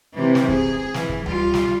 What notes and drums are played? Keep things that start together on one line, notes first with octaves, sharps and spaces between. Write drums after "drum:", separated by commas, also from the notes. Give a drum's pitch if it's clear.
C3 E3
drum: snare
G#4, drum: kick
E3, drum: snare
drum: kick
G3 F4, drum: tom C#2
drum: snare